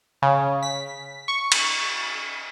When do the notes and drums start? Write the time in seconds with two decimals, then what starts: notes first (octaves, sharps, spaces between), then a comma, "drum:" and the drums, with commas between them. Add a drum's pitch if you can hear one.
0.22 C#3
0.63 B6
1.28 C#6
1.52 drum: cymbal